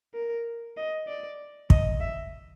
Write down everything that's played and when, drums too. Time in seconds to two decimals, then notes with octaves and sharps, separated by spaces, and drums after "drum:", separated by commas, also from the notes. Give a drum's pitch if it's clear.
0.14 A#4
0.77 D#5
1.07 D5
1.70 D#5, drum: kick
2.00 E5